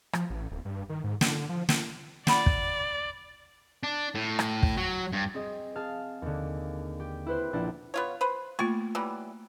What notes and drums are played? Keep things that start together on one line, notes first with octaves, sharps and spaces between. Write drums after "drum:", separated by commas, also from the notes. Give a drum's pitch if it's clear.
F3, drum: rim click
A1
D1
G2
D#3
G#2
D3, drum: snare
F3
drum: snare
D5 F#5 B5, drum: snare
drum: kick
D4
A2
drum: rim click
drum: kick
F#3
G2
C4 G#4 D#5
G#4 F5 A5
D#2 D3
G4
E4 B4 C5
A#1 A#3 D4 E4
B3 F4 C#5
B4 C5
A3 A#3 F4 C#6
E3 F#3 G3